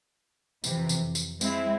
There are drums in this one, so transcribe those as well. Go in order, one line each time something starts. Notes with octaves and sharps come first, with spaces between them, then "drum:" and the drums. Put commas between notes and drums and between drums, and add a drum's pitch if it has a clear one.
F2 C3 E3, drum: tambourine
drum: tambourine
drum: tambourine
G#3 C4 E4, drum: tambourine